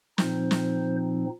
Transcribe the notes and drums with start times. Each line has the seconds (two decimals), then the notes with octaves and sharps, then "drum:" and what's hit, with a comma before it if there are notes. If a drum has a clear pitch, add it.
0.18 A#2 F3 C4 D#4 C5, drum: snare
0.51 drum: snare